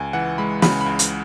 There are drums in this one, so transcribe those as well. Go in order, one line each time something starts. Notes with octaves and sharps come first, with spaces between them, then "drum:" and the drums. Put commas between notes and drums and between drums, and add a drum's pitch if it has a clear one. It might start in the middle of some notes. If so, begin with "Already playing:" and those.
Already playing: C#2 G#5
E3 F#5
G#3 B5
C#3 B5, drum: snare
B5
C#2
drum: hi-hat